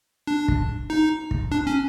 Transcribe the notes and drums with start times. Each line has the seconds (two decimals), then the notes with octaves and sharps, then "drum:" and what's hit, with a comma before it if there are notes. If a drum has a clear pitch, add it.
0.27 D4
0.48 drum: kick
0.90 D#4
1.31 drum: kick
1.52 D4
1.67 C#4